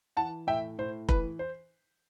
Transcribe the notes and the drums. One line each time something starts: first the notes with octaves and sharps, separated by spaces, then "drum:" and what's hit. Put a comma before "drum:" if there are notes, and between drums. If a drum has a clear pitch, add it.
E3 F#5 A5
A2 E5 G5
A2 C5
E3 B4, drum: kick F1
C5